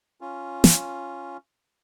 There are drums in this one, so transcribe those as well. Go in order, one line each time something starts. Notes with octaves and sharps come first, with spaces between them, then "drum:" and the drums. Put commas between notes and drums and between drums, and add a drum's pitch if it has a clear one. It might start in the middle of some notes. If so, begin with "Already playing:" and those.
C#4 F4
drum: snare